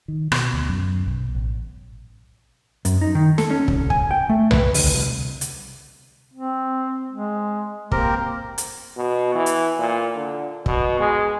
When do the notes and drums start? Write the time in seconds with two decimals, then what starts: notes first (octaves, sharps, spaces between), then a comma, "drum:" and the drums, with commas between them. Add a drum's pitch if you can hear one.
0.08 D#3
0.32 B2, drum: rim click
0.53 D2
0.69 F#2
1.07 B1
1.35 A1
2.85 F#2, drum: hi-hat
3.01 D#4
3.15 D#3
3.38 A4, drum: snare
3.50 C#4
3.68 C2, drum: kick
3.90 G#5, drum: kick
4.11 G5
4.29 A3
4.51 B4, drum: tom B1
4.74 D2, drum: open hi-hat
4.95 C2
5.41 drum: hi-hat
6.34 C4
7.12 G#3
7.92 A#3 C4 G4 A#4, drum: kick
8.58 drum: hi-hat
8.97 B2
9.34 E3
9.46 drum: hi-hat
9.79 A#2
10.16 D3
10.66 B2, drum: kick
10.99 G#3